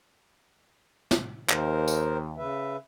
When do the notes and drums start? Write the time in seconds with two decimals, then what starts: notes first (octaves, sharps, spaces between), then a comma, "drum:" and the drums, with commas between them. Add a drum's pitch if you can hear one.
1.11 drum: snare
1.50 D#2 A#4 C5, drum: clap
1.88 drum: tambourine
2.37 C#3 B4 E5